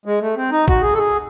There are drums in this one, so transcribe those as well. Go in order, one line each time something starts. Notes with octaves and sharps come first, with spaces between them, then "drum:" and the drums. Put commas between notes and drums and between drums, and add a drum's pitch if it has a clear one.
G#3
A3
C4
D#4
F#4, drum: kick
G#4
A4
G#4